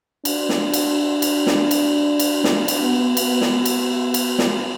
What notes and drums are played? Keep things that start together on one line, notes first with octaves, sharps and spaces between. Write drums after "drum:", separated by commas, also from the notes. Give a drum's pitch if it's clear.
D4, drum: cymbal
drum: snare
drum: cymbal
drum: cymbal
drum: snare
drum: cymbal
drum: cymbal
D4, drum: snare
drum: cymbal
B3
B3, drum: cymbal
drum: snare
drum: cymbal
drum: cymbal
drum: snare